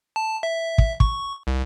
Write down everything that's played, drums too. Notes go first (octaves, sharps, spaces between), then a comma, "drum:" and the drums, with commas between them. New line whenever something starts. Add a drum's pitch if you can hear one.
A5
E5
drum: kick
C#6, drum: kick
C2